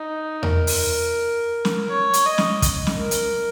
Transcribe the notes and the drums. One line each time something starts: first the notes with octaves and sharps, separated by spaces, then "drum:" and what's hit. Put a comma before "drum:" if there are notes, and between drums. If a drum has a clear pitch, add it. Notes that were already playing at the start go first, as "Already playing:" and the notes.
Already playing: D#4
A#4, drum: tom E2
drum: open hi-hat
drum: snare
C#5
drum: hi-hat
D#5
drum: snare
drum: kick, hi-hat
drum: snare
A#4
drum: hi-hat